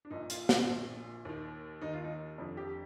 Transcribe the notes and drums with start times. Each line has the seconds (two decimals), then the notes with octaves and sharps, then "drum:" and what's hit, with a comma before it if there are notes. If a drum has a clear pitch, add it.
0.05 D4
0.10 A#1 A#2 D#4
0.30 F4, drum: hi-hat
0.49 F4, drum: snare
0.68 A#1 A#2
1.25 D#2 D#3
1.81 D#2 D#3 D#4
1.93 F4
2.04 D#4
2.38 F1 F2 D3
2.57 G4